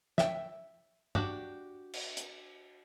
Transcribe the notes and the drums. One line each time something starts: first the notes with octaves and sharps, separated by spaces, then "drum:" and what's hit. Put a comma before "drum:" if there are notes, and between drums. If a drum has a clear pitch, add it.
E5 G5, drum: snare
D4 F#4 G4, drum: tom
drum: cymbal
drum: hi-hat